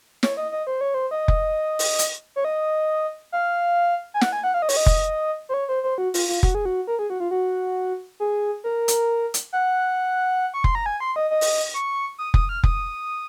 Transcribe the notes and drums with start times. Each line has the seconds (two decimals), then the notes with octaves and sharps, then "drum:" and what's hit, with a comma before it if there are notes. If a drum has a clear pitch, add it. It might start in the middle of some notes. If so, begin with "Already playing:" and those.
0.23 C#5, drum: snare
0.37 D#5
0.52 D#5
0.67 C5
0.81 C#5
0.94 C5
1.11 D#5
1.28 drum: kick F1
1.79 drum: open hi-hat
1.99 drum: hi-hat
2.36 C#5
2.45 D#5
3.32 F5
4.14 G#5
4.21 F#5, drum: snare
4.32 G#5
4.44 F#5
4.54 F5
4.62 D#5
4.69 C#5, drum: open hi-hat
4.77 D#5
4.86 drum: kick F1
5.49 C5
5.54 C#5
5.69 C5
5.83 C5
5.98 F#4
6.14 F4, drum: open hi-hat
6.28 F4
6.43 F#4, drum: kick F1
6.55 G#4
6.65 F#4
6.87 A#4
6.99 G#4
7.10 F#4
7.20 F4
7.31 F#4
8.20 G#4
8.64 A#4
8.88 drum: hi-hat
9.34 drum: hi-hat
9.53 F#5
10.53 C#6
10.64 C6, drum: kick F1
10.75 A#5
10.86 G#5
11.00 C6
11.16 D#5
11.31 D#5
11.41 drum: open hi-hat
11.74 C#6
12.18 D#6
12.34 D#6, drum: kick F1
12.49 F6
12.63 D#6, drum: kick F1